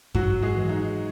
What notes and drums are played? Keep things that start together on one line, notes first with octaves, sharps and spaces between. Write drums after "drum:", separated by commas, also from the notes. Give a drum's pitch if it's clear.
G#2 F#3 F#4, drum: kick F#2
G#3 G#4
E3
D#4